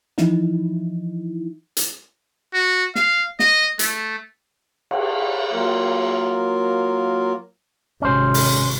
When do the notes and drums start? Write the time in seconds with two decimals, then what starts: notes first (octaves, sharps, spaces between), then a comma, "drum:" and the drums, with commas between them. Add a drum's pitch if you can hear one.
0.18 E3 F3 D#4 E4, drum: snare
1.77 drum: hi-hat
2.54 F#4
2.95 F5, drum: snare
3.39 D#5, drum: snare
3.79 A3, drum: hi-hat
4.91 drum: cymbal
5.53 F#3 A#3 F4 A#4
8.02 G#1 C3 C#4 C5
8.34 drum: open hi-hat